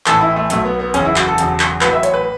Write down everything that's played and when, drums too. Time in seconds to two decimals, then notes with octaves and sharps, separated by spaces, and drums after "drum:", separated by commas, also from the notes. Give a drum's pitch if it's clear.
0.06 A1 A2 E3 A4, drum: clap
0.21 E4
0.36 A3
0.50 B1 B2 F#3 A3, drum: hi-hat
0.65 B3
0.79 B3
0.94 F#1 E2 C#3 E3 C#4, drum: hi-hat
1.05 E4
1.16 F#4, drum: clap
1.27 A4
1.38 E1 E2 C#3 F#3, drum: hi-hat
1.60 drum: clap
1.81 A1 A2 F#3 B4, drum: clap
1.93 E5
2.03 C#5, drum: hi-hat
2.14 B4